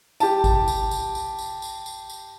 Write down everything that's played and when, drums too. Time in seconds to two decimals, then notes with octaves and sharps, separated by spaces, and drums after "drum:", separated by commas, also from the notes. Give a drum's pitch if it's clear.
0.20 G4 A5, drum: tambourine
0.44 drum: kick G#1, tambourine
0.68 drum: tambourine
0.91 drum: tambourine
1.15 drum: tambourine
1.39 drum: tambourine
1.62 drum: tambourine
1.86 drum: tambourine
2.09 drum: tambourine